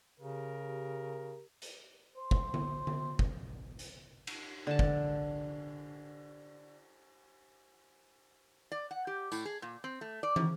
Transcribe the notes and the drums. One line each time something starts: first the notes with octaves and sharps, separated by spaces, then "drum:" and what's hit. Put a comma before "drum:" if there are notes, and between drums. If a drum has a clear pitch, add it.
C#3 G4 A#4
drum: hi-hat
C5
drum: kick
drum: tom D3
drum: tom D3
drum: kick
drum: hi-hat
drum: cymbal
D3 A5
drum: kick
D5
F#5
G4
A2, drum: tambourine
G#4
A#2
C4
A3
D5
D#3, drum: tom